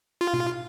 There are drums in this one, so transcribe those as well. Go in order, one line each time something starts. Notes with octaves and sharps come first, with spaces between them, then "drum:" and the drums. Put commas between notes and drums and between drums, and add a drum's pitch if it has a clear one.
F4
drum: tom B2